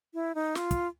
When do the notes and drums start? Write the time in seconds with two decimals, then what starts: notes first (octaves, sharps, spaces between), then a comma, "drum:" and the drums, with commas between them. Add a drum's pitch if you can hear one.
0.14 E4
0.35 D#4
0.55 F4, drum: snare
0.71 drum: kick, hi-hat